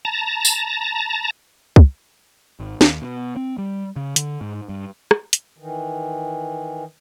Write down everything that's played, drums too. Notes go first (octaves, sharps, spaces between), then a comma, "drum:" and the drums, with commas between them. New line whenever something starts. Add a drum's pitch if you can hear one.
A5 A#5
drum: tambourine
drum: kick
G#1
D#2, drum: snare
B2
C4
G3
C#3
D3, drum: hi-hat
G#2
G2
drum: rim click
drum: hi-hat
D#3 E3